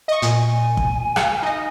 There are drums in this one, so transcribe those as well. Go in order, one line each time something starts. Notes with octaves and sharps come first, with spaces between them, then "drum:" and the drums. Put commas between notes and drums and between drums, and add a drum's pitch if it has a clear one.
D#5 C#6
A#2 G#5, drum: hi-hat
drum: kick
F5, drum: rim click
D#4 D#5